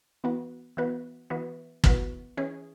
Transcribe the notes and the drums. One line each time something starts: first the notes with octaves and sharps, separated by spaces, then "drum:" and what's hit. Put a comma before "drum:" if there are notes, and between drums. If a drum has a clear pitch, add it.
E3 B3 F#4 B4
E3 B3 F#4 B4
E3 B3 F#4 B4
E3 B3 F#4 B4, drum: kick
E3 C#4 G#4